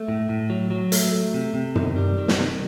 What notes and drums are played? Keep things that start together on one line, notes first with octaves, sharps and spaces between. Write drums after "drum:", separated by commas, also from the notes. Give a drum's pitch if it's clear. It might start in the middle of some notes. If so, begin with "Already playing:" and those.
Already playing: A3
A2
A2
F#3
F#3
A3, drum: hi-hat
A3
C3
C3
D#3, drum: tom
G3
D#3
drum: snare
C3